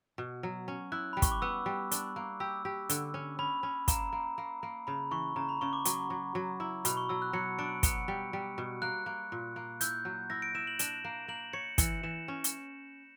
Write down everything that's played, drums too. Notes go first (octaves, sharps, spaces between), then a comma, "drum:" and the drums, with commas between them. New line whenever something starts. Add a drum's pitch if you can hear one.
B2
F#3
C#4
E4 F#6
G3 B5
C#6, drum: kick, hi-hat
D6
B3 E6
G3
D4, drum: hi-hat
A#3
G4 E6
G4
D3, drum: hi-hat
C#4
C#4 B5
C#4
A#3 A#5, drum: kick, hi-hat
A#3
A#3
A#3
C#3 B5
E3 C#6
C#3 A#5
B5
C#3 C#6
D6
F#3 C#6, drum: hi-hat
F#3
F#3
E4
B2 B5, drum: hi-hat
C#6
F#3 E6
F#6
F#3 C#7
D4 D7
B3 C#7, drum: kick, hi-hat
G3
G3
B2
A#3 F#6
A#3
A#2
A#3
E4 G6, drum: hi-hat
F#3
E4 A#6
D7
E4 E7
F#7
D4 E7, drum: hi-hat
A#3
A#3 F#7
C#5 C#7
E3 C#7, drum: kick, hi-hat
E3 E7
C#4
drum: hi-hat